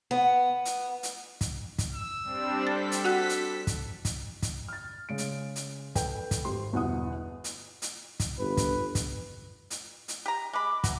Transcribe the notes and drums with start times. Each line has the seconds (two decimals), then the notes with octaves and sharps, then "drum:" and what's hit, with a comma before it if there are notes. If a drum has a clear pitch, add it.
0.11 B3
0.65 drum: hi-hat
1.03 drum: hi-hat
1.41 drum: kick, hi-hat
1.78 drum: kick, hi-hat
1.94 E6
2.23 G3 C4 D4
2.67 A4 A6 B6
2.92 drum: hi-hat
3.04 F#4 F#5 F#6
3.29 drum: hi-hat
3.67 drum: kick, hi-hat
4.05 drum: kick, hi-hat
4.42 drum: kick, hi-hat
4.68 F6 A6
5.09 C#3 G#3 D7
5.18 drum: hi-hat
5.56 drum: hi-hat
5.95 A4 B4 G5, drum: kick, hi-hat
6.31 drum: kick, hi-hat
6.44 G#1 G4 C6
6.72 G1 E2 B2 E3 F#5 D#6
7.44 drum: hi-hat
7.82 drum: hi-hat
8.20 drum: kick, hi-hat
8.39 G1 B4
8.57 drum: kick, hi-hat
8.95 drum: kick, hi-hat
9.70 drum: hi-hat
10.08 drum: hi-hat
10.26 G4 A#5
10.53 G#3 B5 D6
10.84 E3 F#4, drum: kick, hi-hat